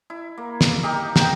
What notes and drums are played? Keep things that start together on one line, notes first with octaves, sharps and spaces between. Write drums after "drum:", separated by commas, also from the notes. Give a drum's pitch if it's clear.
E4
A#3
drum: snare
D#4 G4 A#4
F#5 G5 A#5, drum: snare